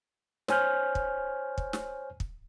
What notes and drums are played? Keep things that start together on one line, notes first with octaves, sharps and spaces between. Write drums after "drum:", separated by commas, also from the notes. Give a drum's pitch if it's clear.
C5 C#5 G#5 F6 G6, drum: snare
drum: kick
drum: kick
drum: snare
drum: kick